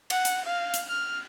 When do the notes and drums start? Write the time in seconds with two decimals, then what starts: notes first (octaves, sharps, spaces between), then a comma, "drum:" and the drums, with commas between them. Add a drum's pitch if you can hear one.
0.10 F#5, drum: cymbal
0.25 drum: hi-hat
0.46 F5
0.74 drum: hi-hat
0.88 F6